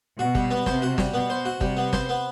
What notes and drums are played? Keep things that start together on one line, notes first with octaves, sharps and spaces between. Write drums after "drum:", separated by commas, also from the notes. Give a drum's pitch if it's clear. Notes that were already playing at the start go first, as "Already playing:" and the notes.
B2 F#4
G3, drum: kick G1
B3
C3 C5, drum: snare
F#4
G3, drum: snare
B2 B3
C5
F#4
C3 G3, drum: kick G1
B3
C5, drum: snare
B3